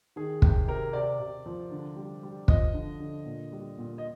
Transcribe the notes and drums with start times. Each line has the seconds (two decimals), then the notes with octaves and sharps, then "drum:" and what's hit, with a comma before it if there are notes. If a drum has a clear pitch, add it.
0.16 D#3 G#4
0.42 C3 G4, drum: kick
0.68 C3 A#4
0.93 C3 D5
1.20 C3
1.46 F3
1.71 D3
1.96 G3
2.23 G3
2.48 F3 D#5, drum: kick
2.74 D3
3.00 D3
3.25 A#2
3.52 G3
3.78 A#2
3.98 D#5